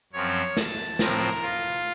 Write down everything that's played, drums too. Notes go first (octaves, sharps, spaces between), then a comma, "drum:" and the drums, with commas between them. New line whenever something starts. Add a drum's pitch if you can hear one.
F#2 F3 C4 C#5
A5, drum: snare
A2 F3 C4 A#4, drum: snare
F4